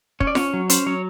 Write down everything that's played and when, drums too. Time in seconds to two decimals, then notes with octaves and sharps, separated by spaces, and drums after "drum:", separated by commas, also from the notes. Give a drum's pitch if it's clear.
0.20 C#4 C#5, drum: kick
0.27 D5
0.35 C#4 C#5, drum: snare F4
0.53 F#3
0.70 C#4 C5, drum: hi-hat
0.86 F#3 C#5